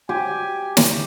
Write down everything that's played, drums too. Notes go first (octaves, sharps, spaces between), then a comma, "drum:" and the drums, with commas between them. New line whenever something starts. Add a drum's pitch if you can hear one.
G4 G#5
drum: snare